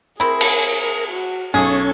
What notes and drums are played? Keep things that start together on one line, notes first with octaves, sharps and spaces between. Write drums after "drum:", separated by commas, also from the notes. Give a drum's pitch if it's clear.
C4 E4 G#4 A#4 B5
drum: cymbal
F#4
B1 C#4 G#4 A4 G#5 C#6